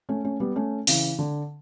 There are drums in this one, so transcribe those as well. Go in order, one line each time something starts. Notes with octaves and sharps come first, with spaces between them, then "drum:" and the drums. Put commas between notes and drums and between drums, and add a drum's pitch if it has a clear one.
A3 C#4
A3 C#4
G3 B3
A3 C#4
C#3 E3, drum: open hi-hat
D3